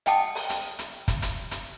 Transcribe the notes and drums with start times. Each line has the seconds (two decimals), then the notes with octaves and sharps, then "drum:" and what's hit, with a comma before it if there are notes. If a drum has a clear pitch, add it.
0.06 D#5 F#5 G5 A5 D#6, drum: hi-hat
0.35 drum: open hi-hat
0.50 drum: hi-hat
0.79 drum: hi-hat
1.08 drum: kick, hi-hat
1.22 drum: hi-hat
1.51 drum: hi-hat